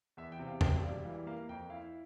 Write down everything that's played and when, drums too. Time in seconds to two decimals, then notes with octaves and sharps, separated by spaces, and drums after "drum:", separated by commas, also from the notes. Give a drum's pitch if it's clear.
0.17 E2 E5
0.32 G5
0.39 C3
0.47 F5
0.61 E1 G5, drum: tom E2
0.83 G3 F5
1.05 E3 F5
1.27 A#3 F5
1.49 F2 G5
1.70 E4 F5